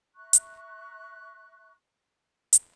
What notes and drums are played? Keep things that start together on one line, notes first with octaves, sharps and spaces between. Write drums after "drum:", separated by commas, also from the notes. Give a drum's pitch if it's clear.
E5 A#5 C#6 F#6
drum: hi-hat
drum: hi-hat